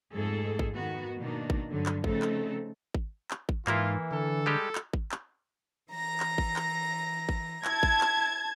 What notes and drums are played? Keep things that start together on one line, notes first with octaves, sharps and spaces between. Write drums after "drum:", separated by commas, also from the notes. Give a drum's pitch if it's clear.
F2 G#2 A3 G#4 A4
drum: kick G#1
G#2 D#3 B3 F#4
B2 D#3 A#3 D4 D#4
drum: kick G#1
G2 D3 F#3
drum: clap
C#3 F3 A3 C4 D#4 A4, drum: kick G#1
drum: clap
drum: kick G#1
drum: clap
drum: kick G#1
G#2 E3 A#3 E4 F4, drum: clap
D3 A4
G3 G#3 G4
drum: clap
drum: kick G#1
drum: clap
E3 A#5 A#6
drum: clap
drum: kick G#1
drum: clap
drum: kick G#1
E4 A5 G#6, drum: clap
drum: kick G#1
drum: clap